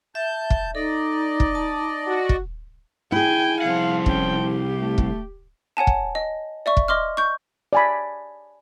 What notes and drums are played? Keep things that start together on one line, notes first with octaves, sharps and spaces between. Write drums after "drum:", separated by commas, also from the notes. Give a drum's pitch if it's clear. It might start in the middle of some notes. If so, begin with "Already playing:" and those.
E5 A5 G6
drum: kick
D#4 A4 D5 D#5
drum: kick
A5
F#4
drum: kick
E4 G#4 G5 G#5
C2 F3 F5 F#5
C#4 G5, drum: kick
G4
A3
drum: kick
C#5 F#5 G#5 A5
drum: kick
D#5
D5 E5 C#6
drum: kick
D#5 C6 D6 F6
C#6 G6
D5 G#5 B5